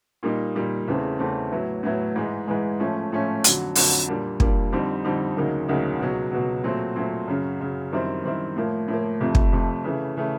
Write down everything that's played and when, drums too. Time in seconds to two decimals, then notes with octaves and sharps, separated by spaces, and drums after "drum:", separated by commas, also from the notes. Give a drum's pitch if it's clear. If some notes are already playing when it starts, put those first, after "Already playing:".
0.23 A#2 G3 A#3 D#4
0.55 A#2 G3 A#3 D#4
0.88 E2 C#3 E3 A3 C4
1.19 E2 C#3 E3 A3 C4
1.52 A2 F#3 B3 E4
1.83 A2 F#3 B3 E4
2.16 G#2 E3 G#3
2.47 G#2 E3 G#3
2.79 A2 F3 A3 C#4
3.12 A2 F3 A3 C#4
3.44 F2 D3 F#3, drum: hi-hat
3.75 F2 D3 F#3, drum: open hi-hat
4.08 A#2 G3 A#3 D4
4.40 A#2 G3 A#3 D4, drum: kick
4.72 F2 D3 G3 C4 D#4
5.04 F2 D3 G3 C4 D#4
5.36 D2 C#3 F#3 A#3 D#4
5.68 D2 C#3 F#3 A#3 D#4
5.99 C#2 B2 F#3
6.32 C#2 B2 F#3
6.64 A#2 F#3 A3 C4
6.96 A#2 F#3 A3 C4
7.28 F#2 C#3 F#3
7.60 F#2 C#3 F#3
7.92 F#2 D#3 G3 C4 E4
8.24 F#2 D#3 G3 C4 E4
8.56 A2 F3 A#3
8.88 A2 F3 A#3
9.20 F2 C3 F3 A3
9.35 drum: kick
9.52 F2 C3 F3 A3
9.84 C#3 E3 A3
10.17 C#3 E3 A3